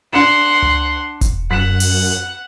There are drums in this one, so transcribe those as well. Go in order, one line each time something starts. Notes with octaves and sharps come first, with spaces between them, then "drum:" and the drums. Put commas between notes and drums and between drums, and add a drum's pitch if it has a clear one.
D4 F#5 C6 C#7 E7
drum: tom C#2
drum: kick E1, hi-hat
F#2 F#5 B6 E7
drum: open hi-hat